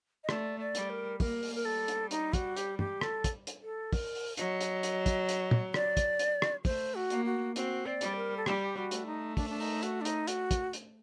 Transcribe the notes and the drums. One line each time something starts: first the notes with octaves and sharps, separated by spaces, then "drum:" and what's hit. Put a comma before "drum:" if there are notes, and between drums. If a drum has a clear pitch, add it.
D#5
A3 D5, drum: rim click
D5
G3, drum: hi-hat
A#4
A#3 A#4, drum: kick, open hi-hat
drum: open hi-hat
A#4
G3 A4
drum: hi-hat
D#4, drum: hi-hat
F#4, drum: kick, hi-hat
G4, drum: hi-hat
G4, drum: tom
A4, drum: rim click
drum: kick, hi-hat
drum: hi-hat
A4
A#4, drum: kick, open hi-hat
drum: open hi-hat
F#3 D#5, drum: hi-hat
drum: hi-hat
drum: hi-hat
drum: kick, hi-hat
drum: hi-hat
drum: tom
D5, drum: rim click
drum: kick, hi-hat
drum: hi-hat
drum: rim click
A3 C5, drum: kick, open hi-hat
F#4
A#3, drum: hi-hat
F#4
C4 F#4, drum: hi-hat
D5
G3, drum: hi-hat
A#4
A4
G3 G4, drum: rim click
F#4
A3, drum: hi-hat
D#4
D4, drum: kick, open hi-hat
D4
D#4, drum: open hi-hat
F#4, drum: hi-hat
D4
D#4, drum: hi-hat
F#4, drum: hi-hat
drum: kick, hi-hat
drum: hi-hat